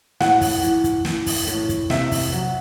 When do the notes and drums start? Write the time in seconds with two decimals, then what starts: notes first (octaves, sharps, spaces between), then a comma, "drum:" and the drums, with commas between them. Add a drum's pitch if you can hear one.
0.20 A2 F#5, drum: snare
0.41 drum: kick, open hi-hat
0.63 E3, drum: hi-hat
0.84 drum: kick, hi-hat
1.05 E3, drum: snare
1.26 drum: kick, open hi-hat
1.47 A2, drum: hi-hat
1.69 drum: kick, hi-hat
1.90 C3 E5, drum: snare
2.12 drum: kick, open hi-hat
2.33 F#3